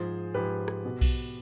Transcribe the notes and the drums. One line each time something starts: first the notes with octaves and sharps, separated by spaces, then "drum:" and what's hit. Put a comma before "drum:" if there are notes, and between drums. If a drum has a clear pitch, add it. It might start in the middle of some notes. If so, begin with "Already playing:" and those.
Already playing: G#2 F3 G#4 C5
G#2 F3 G4 B4
drum: rim click
B2
drum: kick B1, cymbal